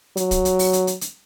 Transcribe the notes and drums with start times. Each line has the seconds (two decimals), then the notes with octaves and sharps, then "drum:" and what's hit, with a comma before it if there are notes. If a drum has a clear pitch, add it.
0.17 F#3, drum: hi-hat
0.31 drum: kick, hi-hat
0.45 drum: hi-hat
0.59 drum: open hi-hat
0.73 drum: hi-hat
0.87 drum: hi-hat
1.01 drum: hi-hat